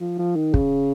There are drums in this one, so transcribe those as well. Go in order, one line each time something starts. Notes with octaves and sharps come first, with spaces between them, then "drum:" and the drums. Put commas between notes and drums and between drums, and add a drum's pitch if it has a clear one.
F3
F3
D#3
C#3, drum: kick